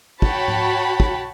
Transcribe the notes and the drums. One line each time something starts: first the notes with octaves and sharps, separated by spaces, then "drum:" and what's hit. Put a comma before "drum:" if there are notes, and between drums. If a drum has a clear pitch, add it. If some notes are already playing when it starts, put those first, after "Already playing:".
F#4 C#5 G5 A5 B5, drum: kick
drum: tom G#2
drum: kick